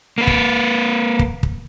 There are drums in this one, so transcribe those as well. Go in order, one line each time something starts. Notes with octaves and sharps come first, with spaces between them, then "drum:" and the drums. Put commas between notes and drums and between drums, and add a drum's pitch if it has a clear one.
A#3 B4
drum: kick
drum: kick
drum: kick